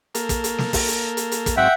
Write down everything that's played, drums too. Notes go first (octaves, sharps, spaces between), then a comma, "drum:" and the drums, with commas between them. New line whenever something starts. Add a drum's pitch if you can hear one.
A#3 A4 A#4, drum: hi-hat
drum: kick, hi-hat
drum: hi-hat
drum: snare
drum: kick, open hi-hat
drum: hi-hat
drum: hi-hat
drum: hi-hat
drum: kick, hi-hat
G#2 F#3 C4 E5 F#5 G5